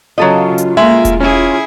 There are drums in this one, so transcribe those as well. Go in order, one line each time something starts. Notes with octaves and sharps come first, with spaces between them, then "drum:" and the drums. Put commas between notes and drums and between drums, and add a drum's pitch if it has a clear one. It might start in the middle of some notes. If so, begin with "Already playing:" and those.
C#3 F#3 F4 A4 D#5
drum: hi-hat
G#3 A#3 E5
drum: kick E1, hi-hat
C#4 E4 F4 G#4